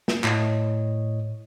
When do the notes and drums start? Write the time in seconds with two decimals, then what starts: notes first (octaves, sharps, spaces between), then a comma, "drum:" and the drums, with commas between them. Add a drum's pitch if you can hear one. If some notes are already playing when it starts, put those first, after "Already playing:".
0.08 drum: snare
0.24 A2 C#5 D#5, drum: clap